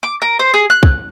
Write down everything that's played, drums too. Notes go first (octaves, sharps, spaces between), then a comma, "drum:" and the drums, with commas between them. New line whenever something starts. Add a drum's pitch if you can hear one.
D6
A#4
C5
G#4
F#6
drum: kick